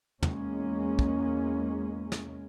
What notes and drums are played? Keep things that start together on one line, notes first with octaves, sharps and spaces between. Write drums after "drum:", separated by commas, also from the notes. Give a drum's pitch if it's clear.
E2 G#3 A#3 C#4, drum: tom
drum: kick
drum: snare